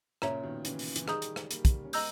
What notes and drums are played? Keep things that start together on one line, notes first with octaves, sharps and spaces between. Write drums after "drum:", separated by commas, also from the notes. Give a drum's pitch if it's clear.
A#2 C#3 C#5 E5 A#5, drum: rim click
B2 D#3
C#3 E3, drum: hi-hat
drum: open hi-hat
E3, drum: hi-hat
D#3 G3 G#4 D#5 A#5 D#6 G6, drum: rim click
drum: hi-hat
drum: rim click
G3 A#3, drum: hi-hat
drum: kick, hi-hat
C#4
G#3 B3 D#5 A#5 E6 G6, drum: open hi-hat